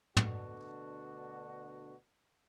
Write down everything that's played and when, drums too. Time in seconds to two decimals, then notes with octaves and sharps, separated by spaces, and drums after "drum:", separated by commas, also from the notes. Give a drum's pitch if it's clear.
0.17 D2 B2 D3 D4 F#4, drum: tom